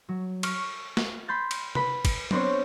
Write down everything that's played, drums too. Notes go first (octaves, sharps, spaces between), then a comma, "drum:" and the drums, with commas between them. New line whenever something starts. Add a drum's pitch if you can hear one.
F#3
C#6 F6, drum: cymbal
drum: snare
B5 C6 G6 A6
drum: cymbal
B4 B5, drum: tom C3
drum: kick, cymbal
B3 C4 D4 C5 C#5, drum: tom F#3